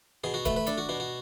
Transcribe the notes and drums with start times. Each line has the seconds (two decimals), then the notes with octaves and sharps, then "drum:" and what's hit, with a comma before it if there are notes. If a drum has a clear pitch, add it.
0.24 B2 G#4
0.34 F#4
0.45 A3 B4, drum: kick, hi-hat
0.56 B4
0.67 D4 A4, drum: hi-hat
0.78 F#4
0.89 B2 F#4
1.00 F#4